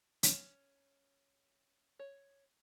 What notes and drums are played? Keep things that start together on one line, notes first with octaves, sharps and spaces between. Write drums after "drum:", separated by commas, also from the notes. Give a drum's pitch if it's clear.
C#4, drum: hi-hat
C#5